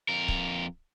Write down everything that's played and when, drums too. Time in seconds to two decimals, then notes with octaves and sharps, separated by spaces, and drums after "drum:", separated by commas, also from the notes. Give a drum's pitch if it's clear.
0.09 F2 A#4
0.28 drum: kick C#1